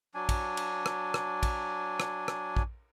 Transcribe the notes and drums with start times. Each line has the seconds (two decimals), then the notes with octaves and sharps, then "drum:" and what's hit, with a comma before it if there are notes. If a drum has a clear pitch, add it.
0.15 F#3 D4 G#5
0.29 drum: kick, cymbal
0.57 drum: cymbal
0.86 drum: rim click
1.14 drum: rim click
1.43 drum: kick, cymbal
2.00 drum: rim click
2.28 drum: rim click
2.57 drum: kick